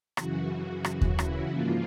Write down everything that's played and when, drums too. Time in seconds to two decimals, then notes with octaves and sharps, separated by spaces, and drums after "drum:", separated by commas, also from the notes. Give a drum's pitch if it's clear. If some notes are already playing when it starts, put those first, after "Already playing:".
0.17 F#2 C#3 E3 F#4, drum: rim click
0.51 F#4
0.85 drum: rim click
1.01 drum: kick D#2
1.19 E4, drum: rim click
1.52 G#2 F3 A#3 F4